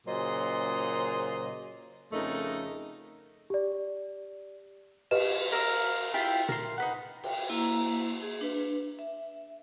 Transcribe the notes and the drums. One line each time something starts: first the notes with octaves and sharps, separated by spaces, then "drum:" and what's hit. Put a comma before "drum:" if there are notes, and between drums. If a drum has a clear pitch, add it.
A#2 C#3 F#3 G#4 C5 D#5
F2 C#3 A3 D#4 A#4 D#5
G4 D5
G4 B4 D#5 E7, drum: cymbal
A#4 F5 E6, drum: open hi-hat
E4 F4 G4 G#5
A#4 C6, drum: tom A#2
D#4 B4 F#5
G5, drum: cymbal
A#3 E4 A#5 E6
G#4
D4 B4
E5